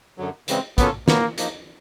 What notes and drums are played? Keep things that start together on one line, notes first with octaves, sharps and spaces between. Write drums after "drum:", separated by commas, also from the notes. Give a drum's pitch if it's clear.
F#2 D3 F#3
C#3 E3 G#3 C4, drum: hi-hat
F#3 A#3 B3 C#4 F4 A4, drum: kick, hi-hat
A#2 F#3 A#3 B3, drum: snare
F3 A#3 D#4, drum: hi-hat